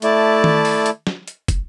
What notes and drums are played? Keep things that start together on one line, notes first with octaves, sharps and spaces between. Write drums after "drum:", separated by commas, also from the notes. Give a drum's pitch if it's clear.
A3 E4 D5 A5, drum: hi-hat
drum: tom D#3
drum: open hi-hat
drum: hi-hat
drum: snare
drum: hi-hat
drum: kick, hi-hat